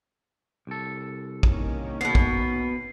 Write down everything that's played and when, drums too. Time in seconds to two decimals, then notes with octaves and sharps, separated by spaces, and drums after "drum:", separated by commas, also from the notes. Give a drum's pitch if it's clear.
0.67 C2 A4
1.43 D#3 A#3 C#4, drum: kick A#1
2.01 B2 B3 C7
2.15 drum: kick A#1